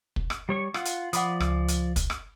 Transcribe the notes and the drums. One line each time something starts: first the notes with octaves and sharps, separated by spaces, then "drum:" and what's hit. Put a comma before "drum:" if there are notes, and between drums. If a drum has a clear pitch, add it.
drum: kick
drum: rim click
G3 C#5 C#6
F4 F#5, drum: rim click
drum: hi-hat
F3 D5 F#5 B5 D#6, drum: hi-hat
C#2, drum: rim click
drum: hi-hat
drum: kick, hi-hat
drum: rim click